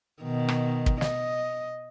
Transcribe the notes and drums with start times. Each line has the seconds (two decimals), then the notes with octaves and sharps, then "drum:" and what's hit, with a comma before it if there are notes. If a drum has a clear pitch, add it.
0.23 B2 D#3
0.49 drum: rim click
0.86 drum: kick
1.01 D#5, drum: snare